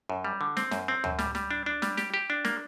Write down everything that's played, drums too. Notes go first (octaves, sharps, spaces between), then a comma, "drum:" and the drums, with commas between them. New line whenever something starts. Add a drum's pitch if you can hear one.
F#2
G3
D3
C4, drum: snare
F#2, drum: snare
C4
F#2, drum: tom D2
G3, drum: snare
G3, drum: snare
D4
D4
G3, drum: snare
G4, drum: snare
G4
D4
A#3, drum: snare